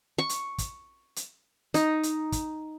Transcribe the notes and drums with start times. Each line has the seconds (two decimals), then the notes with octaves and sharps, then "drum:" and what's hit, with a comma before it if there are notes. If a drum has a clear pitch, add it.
0.18 C#6
0.29 drum: hi-hat
0.58 drum: kick, hi-hat
1.16 drum: hi-hat
1.74 D#4, drum: hi-hat
2.03 drum: hi-hat
2.32 drum: kick, hi-hat